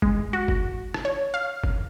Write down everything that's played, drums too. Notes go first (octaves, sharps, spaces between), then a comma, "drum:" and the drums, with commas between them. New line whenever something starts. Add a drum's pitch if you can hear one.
G#3, drum: kick
F#4
drum: kick
drum: rim click
C#5
F5
drum: kick